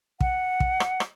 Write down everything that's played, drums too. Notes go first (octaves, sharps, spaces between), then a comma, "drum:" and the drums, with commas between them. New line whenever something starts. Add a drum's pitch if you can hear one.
F#5, drum: kick
drum: kick
drum: rim click
drum: rim click